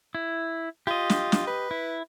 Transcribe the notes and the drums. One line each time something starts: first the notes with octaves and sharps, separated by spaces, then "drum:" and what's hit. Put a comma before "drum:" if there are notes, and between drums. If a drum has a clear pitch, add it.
E4
F4 G4 D#5
drum: snare
drum: snare
B4
E4